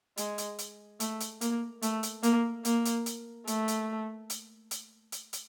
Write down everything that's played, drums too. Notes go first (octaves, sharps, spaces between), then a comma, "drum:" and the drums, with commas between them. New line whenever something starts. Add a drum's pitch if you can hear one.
G#3, drum: hi-hat
drum: hi-hat
drum: hi-hat
A3, drum: hi-hat
drum: hi-hat
A#3, drum: hi-hat
A3, drum: hi-hat
drum: hi-hat
A#3, drum: hi-hat
A#3, drum: hi-hat
drum: hi-hat
drum: hi-hat
A3, drum: hi-hat
drum: hi-hat
drum: hi-hat
drum: hi-hat
drum: hi-hat
drum: hi-hat